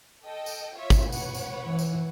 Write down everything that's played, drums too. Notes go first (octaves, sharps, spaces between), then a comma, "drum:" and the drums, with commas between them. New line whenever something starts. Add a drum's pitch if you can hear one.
A4 D#5 G5
drum: tambourine
F4 C#5 E5
drum: kick G#1, tambourine
B4 C#5 F#5, drum: tambourine
drum: tambourine
E3
drum: tambourine